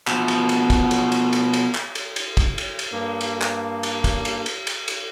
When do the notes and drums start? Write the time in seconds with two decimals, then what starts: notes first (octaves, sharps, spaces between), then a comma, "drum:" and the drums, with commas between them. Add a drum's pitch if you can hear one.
0.07 B2 F3, drum: clap
0.28 drum: cymbal
0.49 drum: cymbal
0.70 drum: kick, cymbal
0.91 drum: cymbal
1.12 drum: cymbal
1.33 drum: cymbal
1.54 drum: cymbal
1.74 drum: clap
1.95 drum: cymbal
2.16 drum: cymbal
2.37 drum: kick, cymbal
2.58 drum: cymbal
2.79 drum: cymbal
2.92 G2 A#3
3.21 drum: cymbal
3.42 drum: clap
3.83 drum: cymbal
4.04 drum: kick, cymbal
4.25 drum: cymbal
4.46 drum: cymbal
4.67 drum: cymbal
4.88 drum: cymbal